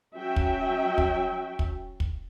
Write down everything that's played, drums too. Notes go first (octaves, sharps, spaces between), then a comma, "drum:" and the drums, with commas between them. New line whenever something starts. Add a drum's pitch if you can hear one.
F#3 C#4 F#4 E5 G5
drum: kick
drum: kick
drum: kick
drum: kick